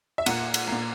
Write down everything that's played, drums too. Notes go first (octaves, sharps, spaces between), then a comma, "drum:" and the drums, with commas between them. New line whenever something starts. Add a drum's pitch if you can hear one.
E5
A#2 A#3 F#5, drum: cymbal
drum: cymbal
A#2 A#3